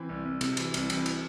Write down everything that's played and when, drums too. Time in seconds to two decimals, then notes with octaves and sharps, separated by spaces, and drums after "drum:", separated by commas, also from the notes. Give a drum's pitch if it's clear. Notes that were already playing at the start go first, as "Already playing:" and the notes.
Already playing: E3 C4
0.09 C2
0.25 C2
0.41 C3, drum: cymbal
0.57 E3, drum: cymbal
0.74 C2, drum: cymbal
0.90 E3 C4, drum: cymbal
1.06 drum: cymbal